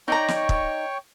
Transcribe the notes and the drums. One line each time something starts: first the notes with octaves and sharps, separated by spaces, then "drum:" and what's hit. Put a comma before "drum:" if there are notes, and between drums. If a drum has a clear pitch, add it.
D#4 C#5 D5 G5 A#5 C#6
drum: snare
drum: kick